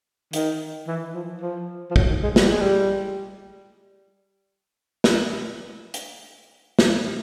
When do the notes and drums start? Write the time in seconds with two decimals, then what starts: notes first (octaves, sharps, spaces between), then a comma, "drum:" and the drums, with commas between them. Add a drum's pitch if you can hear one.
0.33 D#3, drum: hi-hat
0.87 E3
1.14 F3
1.41 F3
1.91 F3
1.96 F#3, drum: kick
2.09 D#3
2.23 G#3
2.36 G3, drum: snare
2.49 G#3
2.60 G3
5.04 drum: snare
5.94 drum: hi-hat
6.79 drum: snare